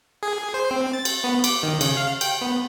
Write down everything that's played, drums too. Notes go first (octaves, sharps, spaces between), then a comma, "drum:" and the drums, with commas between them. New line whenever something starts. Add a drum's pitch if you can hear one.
G#4
C5
C4
A6
drum: cymbal
B3
D6, drum: cymbal
D#3
C#3, drum: cymbal
F5
G5, drum: cymbal
B3